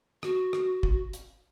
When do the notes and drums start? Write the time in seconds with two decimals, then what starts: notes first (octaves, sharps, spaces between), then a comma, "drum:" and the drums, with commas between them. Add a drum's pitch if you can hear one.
0.23 F#4, drum: rim click
0.53 drum: rim click
0.83 drum: kick
1.13 drum: hi-hat